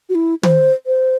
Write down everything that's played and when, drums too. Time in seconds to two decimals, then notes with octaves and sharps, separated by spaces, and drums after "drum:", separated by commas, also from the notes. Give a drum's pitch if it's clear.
0.09 F#4
0.15 E4
0.43 C5, drum: tom
0.86 C5